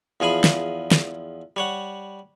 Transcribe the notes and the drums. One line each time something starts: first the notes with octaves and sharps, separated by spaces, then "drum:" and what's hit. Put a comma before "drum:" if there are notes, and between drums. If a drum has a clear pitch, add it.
E2 F3 G#4 G#5 B5
drum: snare
drum: snare
G3 C#5 F#5